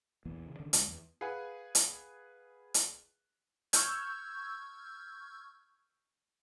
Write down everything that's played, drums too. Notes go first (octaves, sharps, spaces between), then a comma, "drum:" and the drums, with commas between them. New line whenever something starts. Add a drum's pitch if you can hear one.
A#1 E2 E3 B3
C#3
D3 D#3 C#4 D4
D2 G#3, drum: hi-hat
E2
G#4 B4 F5 F#5 G#5
drum: hi-hat
drum: hi-hat
C#6 E6 F6 G6 G#6, drum: hi-hat